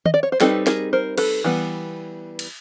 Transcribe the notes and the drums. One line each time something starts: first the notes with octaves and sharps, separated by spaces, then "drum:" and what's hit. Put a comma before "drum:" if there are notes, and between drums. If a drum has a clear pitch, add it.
D#5, drum: tom D#3
D5
C#5
C5
G3 C4 D#4 A4 B4, drum: snare
G#4 A#4, drum: snare
A#4 C5
A4 B4, drum: cymbal
E3 G3 B3
drum: cymbal